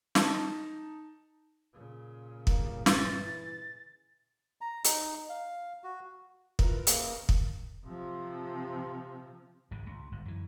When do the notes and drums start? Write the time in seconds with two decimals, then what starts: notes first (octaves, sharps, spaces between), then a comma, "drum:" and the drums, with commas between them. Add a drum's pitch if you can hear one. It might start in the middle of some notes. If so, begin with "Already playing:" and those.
0.15 D#4 A5, drum: snare
1.74 A#2 C#3
2.47 G2 A#3, drum: kick
2.86 E3 A6, drum: snare
4.61 A#5
4.84 D#4, drum: hi-hat
5.29 F5
5.84 F#4
6.59 E4 F4 A#4 B4, drum: kick
6.87 C#3 A#3 C4 D#5 E5, drum: hi-hat
7.29 drum: kick
7.86 C3 F3
9.71 G#1 C#2 G#2 C#3
9.86 C#2
10.12 G1 G#2
10.25 F#2 E3